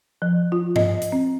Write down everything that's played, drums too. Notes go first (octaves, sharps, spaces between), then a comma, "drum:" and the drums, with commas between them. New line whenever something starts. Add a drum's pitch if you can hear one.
F3
F4
D#5, drum: tom G2
drum: hi-hat
C4